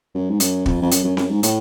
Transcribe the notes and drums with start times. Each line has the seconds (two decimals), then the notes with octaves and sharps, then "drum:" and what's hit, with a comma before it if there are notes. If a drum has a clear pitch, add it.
0.15 F#2
0.30 G#2
0.40 F#2, drum: hi-hat
0.66 F2, drum: kick
0.82 F2
0.91 F#2, drum: hi-hat
1.04 F#2
1.17 F#2, drum: snare C4
1.30 G#2
1.43 A2, drum: hi-hat